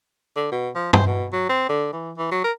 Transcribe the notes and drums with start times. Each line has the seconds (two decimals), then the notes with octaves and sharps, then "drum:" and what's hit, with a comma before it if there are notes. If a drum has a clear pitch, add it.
0.36 D3
0.52 B2
0.75 F3
0.93 C5, drum: tom G2
1.06 B2
1.32 F#3
1.49 C4
1.69 D3
1.93 E3
2.17 E3
2.32 F#3
2.44 A#4